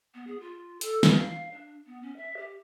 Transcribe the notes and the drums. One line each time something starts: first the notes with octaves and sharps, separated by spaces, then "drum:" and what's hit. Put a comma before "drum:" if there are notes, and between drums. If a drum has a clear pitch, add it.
B3
G#4
F4
A4, drum: hi-hat
drum: snare
F5
D4
B3
C#4
E5
G4